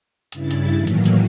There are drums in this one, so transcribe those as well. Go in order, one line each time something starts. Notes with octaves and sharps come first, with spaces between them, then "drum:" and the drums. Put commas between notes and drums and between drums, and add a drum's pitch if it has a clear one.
G2 C#3 E4 A6, drum: hi-hat
drum: hi-hat
A2 D#3 E3 F#3 A#3
drum: hi-hat
drum: hi-hat